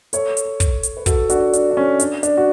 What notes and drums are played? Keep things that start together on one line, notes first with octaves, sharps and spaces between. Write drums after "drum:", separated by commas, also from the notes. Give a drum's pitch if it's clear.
A4 C#5, drum: hi-hat
drum: hi-hat
drum: kick, hi-hat
drum: hi-hat
B4
F#4 A4, drum: kick, hi-hat
D4 F#4, drum: hi-hat
D4, drum: hi-hat
D4
C#4
D4, drum: hi-hat
D4, drum: hi-hat
F#4